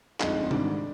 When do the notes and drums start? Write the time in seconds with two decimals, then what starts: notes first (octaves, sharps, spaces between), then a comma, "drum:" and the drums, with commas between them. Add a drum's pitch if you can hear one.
0.20 G1 F2 D3 G#3 D#4, drum: clap
0.43 C4
0.51 G#1 G#2 D#3 G3 D4, drum: tom C3